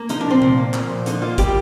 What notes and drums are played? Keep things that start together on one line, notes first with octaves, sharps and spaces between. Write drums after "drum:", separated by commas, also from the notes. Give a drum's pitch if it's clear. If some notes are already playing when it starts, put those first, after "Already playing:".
Already playing: A#3
F3 D#4, drum: hi-hat
D4
A#2 C4
A#2, drum: tom C3
A#3
F3, drum: clap
A#2
D3 D#4, drum: hi-hat
A#3 F4
G3 G4, drum: kick, hi-hat